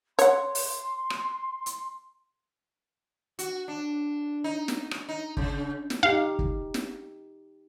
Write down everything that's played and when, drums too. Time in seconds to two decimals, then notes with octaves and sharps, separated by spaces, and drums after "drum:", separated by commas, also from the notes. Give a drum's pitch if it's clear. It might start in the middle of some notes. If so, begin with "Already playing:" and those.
0.19 C#5 F#5 C6, drum: hi-hat
0.55 drum: open hi-hat
1.10 drum: rim click
1.66 drum: hi-hat
3.39 F#4, drum: hi-hat
3.68 D4
4.44 D#4
4.68 drum: snare
4.91 drum: rim click
5.09 D#4
5.37 C#3, drum: kick
5.90 drum: snare
6.03 D#4 G4 F5
6.39 drum: kick
6.74 drum: snare